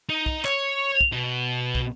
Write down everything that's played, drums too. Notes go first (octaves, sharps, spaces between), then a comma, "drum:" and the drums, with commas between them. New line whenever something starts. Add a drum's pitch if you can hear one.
D#4
drum: kick
C#5, drum: clap
drum: kick
B2
drum: kick